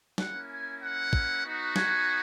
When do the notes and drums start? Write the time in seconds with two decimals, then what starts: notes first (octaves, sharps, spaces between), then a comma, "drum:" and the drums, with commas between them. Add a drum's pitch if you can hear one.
0.18 A#3 C#4 E4 F#5, drum: snare
0.50 G#5
0.81 F#5
1.13 drum: kick
1.44 B3 D#4 F#4
1.76 G#5, drum: snare